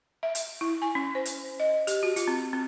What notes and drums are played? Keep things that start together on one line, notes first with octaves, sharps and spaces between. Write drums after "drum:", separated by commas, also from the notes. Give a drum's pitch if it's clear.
E5
drum: hi-hat
E4
G#5
C#4
C5
drum: hi-hat
D#5
G4, drum: hi-hat
F#4
F4, drum: hi-hat
C4
C4